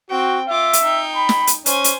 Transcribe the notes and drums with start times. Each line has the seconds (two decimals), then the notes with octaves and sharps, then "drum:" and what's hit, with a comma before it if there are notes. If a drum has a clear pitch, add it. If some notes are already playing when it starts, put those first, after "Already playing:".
0.10 C4 F#4 G5
0.48 F4 E5 D6
0.73 drum: hi-hat
0.83 D#4 G5
1.16 B5
1.29 drum: snare
1.47 drum: hi-hat
1.66 C#4 C5 G#5, drum: hi-hat
1.84 drum: hi-hat